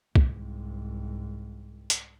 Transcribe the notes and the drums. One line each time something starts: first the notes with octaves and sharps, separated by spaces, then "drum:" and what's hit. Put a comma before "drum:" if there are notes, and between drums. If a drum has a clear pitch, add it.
C2 G#2, drum: kick
drum: hi-hat